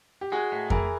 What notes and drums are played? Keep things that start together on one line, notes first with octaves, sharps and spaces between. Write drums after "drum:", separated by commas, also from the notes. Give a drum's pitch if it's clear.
G4
G#3 F#4 G#4
A2
E3 G#4 A#4, drum: kick F2